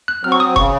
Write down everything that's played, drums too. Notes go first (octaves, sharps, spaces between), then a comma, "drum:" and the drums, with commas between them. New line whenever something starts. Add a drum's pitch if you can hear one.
F#6
F#3 C4 F6
C#6
D#6
C#3 C#6, drum: kick F1